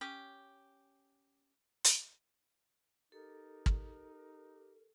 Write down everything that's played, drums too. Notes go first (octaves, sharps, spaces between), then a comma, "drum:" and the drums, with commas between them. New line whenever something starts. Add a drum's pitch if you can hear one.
C#4 G4
drum: hi-hat
D#4 G4 A4 A#4
drum: kick